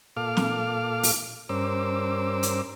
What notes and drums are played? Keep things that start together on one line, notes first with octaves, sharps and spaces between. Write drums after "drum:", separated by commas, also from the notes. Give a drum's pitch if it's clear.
A#2 A4 F5 D6 F6
drum: snare
drum: open hi-hat
G2 C#4 A#4 C5 D6 E6
drum: hi-hat